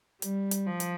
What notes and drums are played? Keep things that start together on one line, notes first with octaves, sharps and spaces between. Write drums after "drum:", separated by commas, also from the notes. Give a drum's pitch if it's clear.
G3, drum: hi-hat
drum: hi-hat
F3
drum: hi-hat